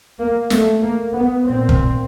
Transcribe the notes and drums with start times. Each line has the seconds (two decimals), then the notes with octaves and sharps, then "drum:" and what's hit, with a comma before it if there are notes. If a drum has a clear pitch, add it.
0.19 A#3
0.50 A3, drum: snare
0.82 A#3
1.14 B3
1.45 A#2 C4
1.69 drum: kick